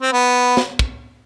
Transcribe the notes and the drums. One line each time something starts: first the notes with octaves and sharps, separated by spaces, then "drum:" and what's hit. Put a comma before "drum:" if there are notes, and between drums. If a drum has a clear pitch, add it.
C4
B3
drum: snare
drum: kick